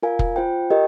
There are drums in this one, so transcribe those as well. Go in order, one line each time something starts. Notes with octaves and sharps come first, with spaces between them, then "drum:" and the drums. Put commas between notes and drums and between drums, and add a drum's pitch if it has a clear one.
F4 A#4 F5 G#5
drum: kick
F4 C5 G5
G4 A#4 D#5 G5